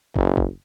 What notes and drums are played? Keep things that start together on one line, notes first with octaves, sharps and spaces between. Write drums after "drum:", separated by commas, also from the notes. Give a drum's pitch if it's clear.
F#1, drum: kick
drum: kick